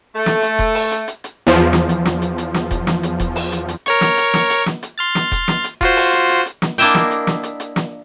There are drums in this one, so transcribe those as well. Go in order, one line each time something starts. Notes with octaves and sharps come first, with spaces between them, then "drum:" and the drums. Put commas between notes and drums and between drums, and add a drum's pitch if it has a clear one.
A3
drum: snare
drum: hi-hat
drum: kick E1, hi-hat
drum: open hi-hat
drum: hi-hat
drum: hi-hat
drum: hi-hat
E2 F3
drum: hi-hat
drum: snare
drum: hi-hat
drum: snare
drum: hi-hat
drum: hi-hat
drum: snare
drum: kick E1, hi-hat
drum: snare
drum: hi-hat
drum: kick E1, hi-hat
drum: open hi-hat
drum: hi-hat
drum: hi-hat
A#4 C#5 C#6, drum: hi-hat
drum: snare
drum: hi-hat
drum: snare
drum: hi-hat
drum: snare
drum: hi-hat
C6 F6 A6
drum: snare
drum: kick E1, hi-hat
drum: snare
drum: hi-hat
F4 F#4 C5, drum: kick E1, hi-hat
drum: open hi-hat
drum: hi-hat
drum: hi-hat
drum: hi-hat
drum: snare
A#3 D4 E4 D#5 E5 G5
drum: snare
drum: hi-hat
drum: snare
drum: hi-hat
drum: hi-hat
drum: snare